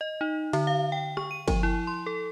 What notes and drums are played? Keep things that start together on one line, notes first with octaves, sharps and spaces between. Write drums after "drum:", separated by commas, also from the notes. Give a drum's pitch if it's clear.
D#5
D#4
D3, drum: cymbal
F5
G5
C#6, drum: rim click
D#7
F3, drum: kick G1, cymbal
E4
C6
A4